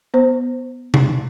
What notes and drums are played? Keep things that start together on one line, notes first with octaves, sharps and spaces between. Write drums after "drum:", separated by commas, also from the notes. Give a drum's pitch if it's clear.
B3 C5
drum: tom C3